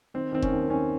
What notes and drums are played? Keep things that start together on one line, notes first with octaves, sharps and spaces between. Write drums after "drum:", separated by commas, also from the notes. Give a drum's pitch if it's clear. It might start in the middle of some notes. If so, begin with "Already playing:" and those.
D#3 C4
D#3 C4
C#4, drum: kick F1
D#2
D#3 C#4